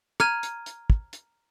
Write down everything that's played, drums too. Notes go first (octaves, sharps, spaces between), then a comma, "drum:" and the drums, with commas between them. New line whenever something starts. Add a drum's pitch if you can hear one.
A#5 F6 G#6 D#7, drum: rim click
drum: hi-hat
drum: hi-hat
drum: kick
drum: hi-hat